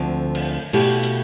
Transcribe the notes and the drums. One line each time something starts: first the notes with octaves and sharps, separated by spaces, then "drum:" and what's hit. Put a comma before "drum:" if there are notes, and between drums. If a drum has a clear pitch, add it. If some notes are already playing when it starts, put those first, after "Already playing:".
Already playing: D2 D3 F3 C4
drum: cymbal
B2 A3 E4 G4, drum: cymbal
drum: hi-hat